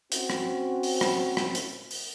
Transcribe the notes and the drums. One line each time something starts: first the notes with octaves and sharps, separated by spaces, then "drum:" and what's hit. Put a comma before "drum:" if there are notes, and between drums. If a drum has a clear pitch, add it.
C4 C#4 F#4, drum: hi-hat
drum: rim click
drum: open hi-hat
drum: rim click
drum: rim click
drum: hi-hat
drum: open hi-hat